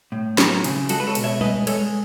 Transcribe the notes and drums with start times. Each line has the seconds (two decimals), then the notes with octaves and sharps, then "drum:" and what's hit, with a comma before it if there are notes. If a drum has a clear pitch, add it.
0.12 A2
0.38 F#3, drum: snare
0.64 C#3, drum: cymbal
0.89 G#3 F#4 A4, drum: cymbal
1.00 B4
1.07 A4 C#5
1.15 B2, drum: cymbal
1.24 C#5 E5
1.41 G#3 B4 D#5, drum: tom
1.67 G#3 A4 C#5, drum: cymbal